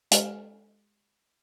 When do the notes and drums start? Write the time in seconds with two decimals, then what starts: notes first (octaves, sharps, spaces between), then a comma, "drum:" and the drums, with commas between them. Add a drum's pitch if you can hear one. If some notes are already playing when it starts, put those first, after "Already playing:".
0.11 G#3 G4 A4 C5 F6, drum: hi-hat